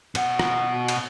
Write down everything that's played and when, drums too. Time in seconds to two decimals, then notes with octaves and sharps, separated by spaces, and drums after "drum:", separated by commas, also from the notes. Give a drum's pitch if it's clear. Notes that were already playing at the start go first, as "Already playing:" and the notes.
0.15 B2 F#5, drum: cymbal
0.39 drum: rim click
0.88 drum: cymbal